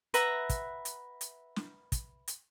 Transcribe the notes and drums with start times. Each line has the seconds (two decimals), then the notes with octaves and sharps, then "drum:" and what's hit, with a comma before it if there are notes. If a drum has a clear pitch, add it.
0.14 B4 E5 F#5 A#5, drum: hi-hat
0.49 drum: kick, hi-hat
0.85 drum: hi-hat
1.21 drum: hi-hat
1.56 drum: snare
1.92 drum: kick, hi-hat
2.28 drum: hi-hat